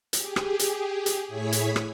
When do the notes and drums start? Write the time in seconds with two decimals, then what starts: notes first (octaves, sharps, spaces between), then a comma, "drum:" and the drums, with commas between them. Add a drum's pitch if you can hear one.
0.13 G4 G#4, drum: hi-hat
0.36 drum: rim click
0.59 drum: hi-hat
1.06 drum: hi-hat
1.28 A2 E4 G#4 C#5 G#6 B6
1.52 drum: hi-hat
1.76 drum: rim click